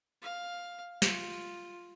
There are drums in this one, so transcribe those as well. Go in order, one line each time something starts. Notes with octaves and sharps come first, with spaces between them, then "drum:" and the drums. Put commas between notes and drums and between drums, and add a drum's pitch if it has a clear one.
F5
F4, drum: snare